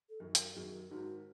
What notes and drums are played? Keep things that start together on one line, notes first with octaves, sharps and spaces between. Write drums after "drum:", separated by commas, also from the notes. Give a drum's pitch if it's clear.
A4
F#2 D#3 F#3 A#4
drum: hi-hat
F#2 D#3 F#3 G#4
G#1 G#2 D#3 F#4